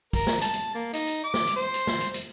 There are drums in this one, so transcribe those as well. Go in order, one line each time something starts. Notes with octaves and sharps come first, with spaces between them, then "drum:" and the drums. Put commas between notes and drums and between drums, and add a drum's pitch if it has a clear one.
A#4, drum: kick, open hi-hat
drum: snare
A5, drum: hi-hat
drum: hi-hat
A#3
D#4, drum: hi-hat
drum: hi-hat
D6
drum: snare
drum: hi-hat
C5
drum: hi-hat
drum: snare
drum: hi-hat
drum: hi-hat